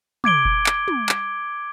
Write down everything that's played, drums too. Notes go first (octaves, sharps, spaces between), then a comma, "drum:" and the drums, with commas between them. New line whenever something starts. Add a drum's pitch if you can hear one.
D6 G#6 D7 G7, drum: tom
drum: kick F#1
drum: clap
drum: tom
drum: clap